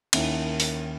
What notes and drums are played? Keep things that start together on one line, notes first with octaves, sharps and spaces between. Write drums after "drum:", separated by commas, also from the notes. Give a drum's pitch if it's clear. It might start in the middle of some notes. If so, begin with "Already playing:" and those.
D#2 D#3 A#3 C#4 E4, drum: cymbal
drum: open hi-hat